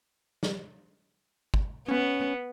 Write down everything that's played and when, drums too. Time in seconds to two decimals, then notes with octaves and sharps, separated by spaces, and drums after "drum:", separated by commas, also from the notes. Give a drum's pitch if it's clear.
0.43 drum: snare
1.54 drum: kick
1.88 B3 C#4